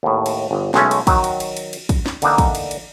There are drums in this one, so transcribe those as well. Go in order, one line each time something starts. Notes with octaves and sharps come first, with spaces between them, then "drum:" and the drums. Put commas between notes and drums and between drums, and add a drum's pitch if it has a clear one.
D#2 A2
drum: cymbal
G1
B1 G#3 A3 C#4, drum: snare
drum: cymbal
D#3 F#3, drum: kick, cymbal
drum: cymbal
drum: cymbal
drum: cymbal
drum: cymbal
drum: kick, cymbal
drum: snare
D3 E3 A#3 D4 D#4, drum: cymbal
drum: kick, cymbal
drum: cymbal
drum: cymbal